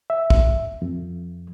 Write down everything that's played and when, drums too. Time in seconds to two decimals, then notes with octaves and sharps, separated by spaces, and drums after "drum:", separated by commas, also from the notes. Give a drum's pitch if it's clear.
0.10 E5
0.30 drum: kick
0.82 F2